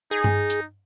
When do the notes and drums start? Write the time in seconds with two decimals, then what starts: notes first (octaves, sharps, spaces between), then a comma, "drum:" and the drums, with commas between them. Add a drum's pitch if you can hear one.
0.11 D#4 G#4
0.24 drum: tom G2
0.50 drum: hi-hat